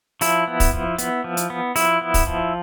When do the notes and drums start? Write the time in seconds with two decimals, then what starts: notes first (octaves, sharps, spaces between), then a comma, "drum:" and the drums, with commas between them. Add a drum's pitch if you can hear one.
0.21 F3 E4, drum: open hi-hat
0.48 B3
0.60 drum: kick, open hi-hat
0.73 F3
0.98 B3, drum: hi-hat
1.24 F3
1.37 drum: hi-hat
1.50 B3
1.76 F3 E4, drum: open hi-hat
2.01 B3
2.14 drum: kick, open hi-hat
2.27 F3